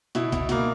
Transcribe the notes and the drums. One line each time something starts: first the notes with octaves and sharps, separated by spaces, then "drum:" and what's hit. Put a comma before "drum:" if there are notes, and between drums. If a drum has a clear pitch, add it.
B2 E4, drum: hi-hat
B2, drum: kick C2, hi-hat
B2 A#3, drum: hi-hat